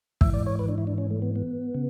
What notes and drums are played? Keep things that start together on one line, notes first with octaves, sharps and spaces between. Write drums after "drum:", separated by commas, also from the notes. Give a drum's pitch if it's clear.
G#2 E3 E5, drum: kick
D5
C#5
B4
D4
E4
D4
C#4
A3
B3
B3
C#3